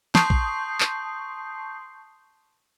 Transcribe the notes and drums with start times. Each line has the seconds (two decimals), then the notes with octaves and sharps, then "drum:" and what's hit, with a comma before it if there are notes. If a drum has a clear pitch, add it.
0.15 A5 C6 C#6 D#6 G6 C7, drum: snare
0.30 drum: kick
0.80 drum: clap